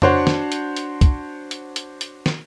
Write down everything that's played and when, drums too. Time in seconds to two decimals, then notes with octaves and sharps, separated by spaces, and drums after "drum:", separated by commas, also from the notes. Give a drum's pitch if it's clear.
0.02 D4 F#4 C5 C#5 F#5 A5, drum: tom F2
0.27 drum: snare
0.52 drum: hi-hat
0.77 drum: hi-hat
1.01 drum: kick, hi-hat
1.51 drum: hi-hat
1.76 drum: hi-hat
2.01 drum: hi-hat
2.26 drum: snare